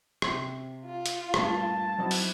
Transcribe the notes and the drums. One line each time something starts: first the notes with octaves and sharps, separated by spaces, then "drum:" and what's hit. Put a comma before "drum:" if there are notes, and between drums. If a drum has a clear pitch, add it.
C3 C4 C6, drum: rim click
F4
drum: hi-hat
G2 A#2 A3 A5, drum: rim click
F#3 C4 D#4 E4 D#5
drum: open hi-hat